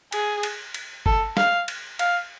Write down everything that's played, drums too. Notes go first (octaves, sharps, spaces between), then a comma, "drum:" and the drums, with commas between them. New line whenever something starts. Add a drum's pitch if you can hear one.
G#4, drum: cymbal
drum: cymbal
drum: cymbal
A4, drum: kick G1
F5, drum: snare
drum: cymbal
F5, drum: cymbal